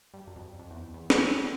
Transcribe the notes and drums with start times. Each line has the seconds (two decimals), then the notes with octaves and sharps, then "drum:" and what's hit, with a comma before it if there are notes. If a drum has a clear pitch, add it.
0.14 G2
0.27 F#2
0.36 F2
0.59 F2
0.70 E2
0.94 E2
1.10 drum: snare